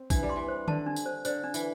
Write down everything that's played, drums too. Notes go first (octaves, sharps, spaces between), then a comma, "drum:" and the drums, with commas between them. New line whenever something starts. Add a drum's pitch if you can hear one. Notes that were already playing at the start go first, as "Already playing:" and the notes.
Already playing: C4
E3 D4, drum: kick, tambourine
G3
C6
E3
C5
D3 A5, drum: tom D3
D4
drum: tambourine
C5
D3 C5, drum: tambourine
D4
E3, drum: tambourine